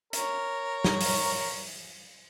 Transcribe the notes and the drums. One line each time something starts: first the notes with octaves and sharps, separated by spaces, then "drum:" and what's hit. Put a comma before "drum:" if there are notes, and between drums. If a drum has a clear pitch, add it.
A#4 C#5, drum: hi-hat
drum: snare
drum: open hi-hat